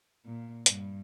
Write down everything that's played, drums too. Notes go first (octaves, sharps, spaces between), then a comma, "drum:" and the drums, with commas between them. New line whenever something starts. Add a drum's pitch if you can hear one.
A#2
G2, drum: hi-hat